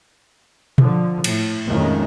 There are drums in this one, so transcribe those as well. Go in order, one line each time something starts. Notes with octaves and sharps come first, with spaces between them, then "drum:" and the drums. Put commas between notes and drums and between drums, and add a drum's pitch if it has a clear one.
D3 F3, drum: tom B2
A2, drum: cymbal
F2 A#2 D#3 G#3 A3 C#4